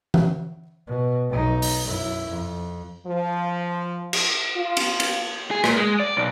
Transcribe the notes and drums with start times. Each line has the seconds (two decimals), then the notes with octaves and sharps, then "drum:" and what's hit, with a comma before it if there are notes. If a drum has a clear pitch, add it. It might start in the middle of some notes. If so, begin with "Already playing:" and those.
0.14 drum: tom E3
0.87 B2
1.29 B1 D#4
1.62 drum: open hi-hat
1.83 F#2 E4
2.29 F2
3.06 F3
4.13 drum: cymbal
4.55 F4
4.77 drum: cymbal
5.00 drum: cymbal
5.51 G#4
5.64 A#2, drum: rim click
5.76 G#3
6.00 D5
6.17 B1